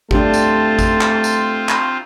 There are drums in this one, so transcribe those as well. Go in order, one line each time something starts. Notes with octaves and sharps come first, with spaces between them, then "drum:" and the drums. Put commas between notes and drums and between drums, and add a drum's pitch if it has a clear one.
A3 C4 D4 F4 G4 A5, drum: kick G#1
drum: tambourine
drum: kick G#1, tambourine
drum: clap
drum: tambourine
drum: clap